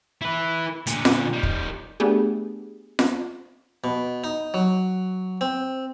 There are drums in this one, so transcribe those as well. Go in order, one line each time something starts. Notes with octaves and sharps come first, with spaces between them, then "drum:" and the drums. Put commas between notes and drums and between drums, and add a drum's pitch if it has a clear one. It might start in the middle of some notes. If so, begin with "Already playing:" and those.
E4 B4
A#2 D3, drum: hi-hat
drum: snare F4
D#3 G3
drum: kick
A3 B3 D4 G4 G#4
drum: snare F4
B2
D#4
F#3
C4